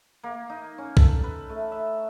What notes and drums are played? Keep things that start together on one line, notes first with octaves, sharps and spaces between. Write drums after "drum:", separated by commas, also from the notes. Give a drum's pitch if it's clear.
A#3
D#4
C#4
A4, drum: kick B1
B4
A3
E5